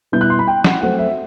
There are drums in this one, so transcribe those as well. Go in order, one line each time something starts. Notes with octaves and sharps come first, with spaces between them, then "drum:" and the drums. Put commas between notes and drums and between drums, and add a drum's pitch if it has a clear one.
B2 G3 B3 E4 G6
F#6
C6
B5
G5
F#5, drum: snare
F#3 A3 C4 F#5
E5